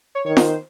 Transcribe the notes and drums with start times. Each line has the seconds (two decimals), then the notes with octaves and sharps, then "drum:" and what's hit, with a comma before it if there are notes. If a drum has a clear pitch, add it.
0.15 C#5
0.26 D#3 C#5
0.37 C5, drum: snare